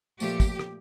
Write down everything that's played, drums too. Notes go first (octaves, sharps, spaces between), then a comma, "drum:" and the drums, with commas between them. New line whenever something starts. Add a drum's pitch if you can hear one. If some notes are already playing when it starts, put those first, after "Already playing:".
A#2 F3 A3 G4, drum: tambourine
drum: kick, tambourine
drum: rim click